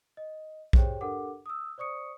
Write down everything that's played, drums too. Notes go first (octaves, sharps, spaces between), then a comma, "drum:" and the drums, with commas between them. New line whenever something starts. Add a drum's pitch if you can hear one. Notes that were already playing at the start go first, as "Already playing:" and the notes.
D#5
G4 G#4 C5 C#5 G5, drum: kick
D4 G4 A4 A#4 F#5 D6
D#6 E6
C5 D5 C#6 D#6 C#7